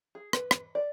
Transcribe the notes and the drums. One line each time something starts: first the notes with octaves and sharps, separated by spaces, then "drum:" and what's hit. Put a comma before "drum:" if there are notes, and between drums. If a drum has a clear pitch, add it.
G#4
B4, drum: rim click
drum: rim click
D5